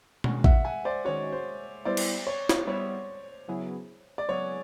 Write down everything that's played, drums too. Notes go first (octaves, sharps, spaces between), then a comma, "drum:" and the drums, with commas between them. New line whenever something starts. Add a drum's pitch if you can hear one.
D#3 G#3 C#4 F#4, drum: tom B2
E5 F#5, drum: kick A1
F#5 G#5
C5 D5
D#3 G#3 C#4 F#4 C#5
C5
G3 B3 E4 C5 D5
drum: cymbal
C#5
drum: snare
G3 B3 E4 C#5
C#3 F#3 B3 E4 G#4
D5
C#3 F#3 B3 E4 G#4 C#5